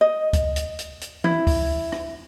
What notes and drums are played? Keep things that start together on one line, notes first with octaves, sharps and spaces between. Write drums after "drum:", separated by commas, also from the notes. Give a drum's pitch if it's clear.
D#5
drum: kick C#2, hi-hat
drum: hi-hat
drum: hi-hat
drum: hi-hat
E4, drum: tom E3
drum: kick C#2, open hi-hat
drum: rim click